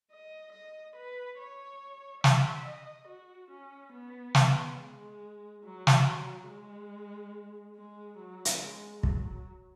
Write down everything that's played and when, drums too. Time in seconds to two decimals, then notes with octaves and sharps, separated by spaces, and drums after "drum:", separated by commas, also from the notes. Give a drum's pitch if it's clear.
0.11 D#5
0.53 D#5
0.96 B4
1.39 C#5
2.24 E5, drum: snare
2.66 D#5
3.08 F#4
3.51 C#4
3.93 B3
4.35 drum: snare
4.79 G#3
5.63 F#3
5.87 drum: snare
6.06 F#3
6.48 G#3
7.75 G#3
8.18 F#3
8.45 drum: hi-hat
8.60 G#3
9.03 F#3, drum: kick